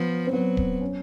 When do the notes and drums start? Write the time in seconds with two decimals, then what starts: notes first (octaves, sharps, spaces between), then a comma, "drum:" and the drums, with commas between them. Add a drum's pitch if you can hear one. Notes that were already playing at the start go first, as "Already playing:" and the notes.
Already playing: F3 B3
0.27 C4
0.33 F#3 B3
0.57 drum: kick D1
0.81 C#4